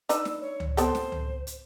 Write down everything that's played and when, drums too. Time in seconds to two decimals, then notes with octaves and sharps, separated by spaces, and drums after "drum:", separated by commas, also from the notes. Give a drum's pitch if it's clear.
0.09 D4 D#4 B4 E6, drum: hi-hat
0.25 drum: snare
0.41 C#5
0.60 drum: tom C#2
0.77 B3 C4 A4 C5, drum: hi-hat
0.95 drum: snare
1.12 drum: tom C#2
1.47 drum: hi-hat